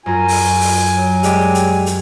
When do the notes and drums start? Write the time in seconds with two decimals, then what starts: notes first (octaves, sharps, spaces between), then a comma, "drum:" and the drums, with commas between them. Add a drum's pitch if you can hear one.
0.06 F#2 F4 G#5 A#5
0.28 drum: open hi-hat
0.60 drum: open hi-hat
0.95 F#3
1.23 G3 G#3 G4, drum: hi-hat
1.55 drum: hi-hat
1.86 drum: hi-hat